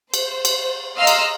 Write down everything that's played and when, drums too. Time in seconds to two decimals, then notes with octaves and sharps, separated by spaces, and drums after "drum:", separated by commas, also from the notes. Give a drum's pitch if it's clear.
0.14 C5, drum: cymbal
0.45 drum: cymbal
0.97 D#5 F5 A#5 C6 E6 F6
1.07 drum: cymbal